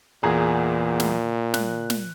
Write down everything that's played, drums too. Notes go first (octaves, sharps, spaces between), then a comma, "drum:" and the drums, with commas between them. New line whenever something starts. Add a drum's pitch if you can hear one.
E2 A#2 G#4 A#5
drum: snare
F#6, drum: snare
drum: snare